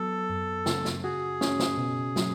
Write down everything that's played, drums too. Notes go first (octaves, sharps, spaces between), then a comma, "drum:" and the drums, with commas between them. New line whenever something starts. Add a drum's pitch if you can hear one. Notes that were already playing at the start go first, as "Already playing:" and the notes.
Already playing: F#3 B3 A4
F#2
C#3, drum: snare
drum: snare
F#4 G#4
C#4, drum: snare
drum: snare
B2
F#3, drum: snare